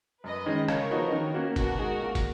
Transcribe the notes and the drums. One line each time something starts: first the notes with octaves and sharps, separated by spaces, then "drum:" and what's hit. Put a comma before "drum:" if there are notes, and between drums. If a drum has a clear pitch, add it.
F#2 B4 D#5
D#3 G#3 C#4
C#3 A#4 C#5, drum: rim click
F3 B3 D#4 F#4
D#3
A#3 C#4 F#4
B2 F#4 A#4, drum: kick, hi-hat
G#3 D#4 G#4
A#2
drum: kick, hi-hat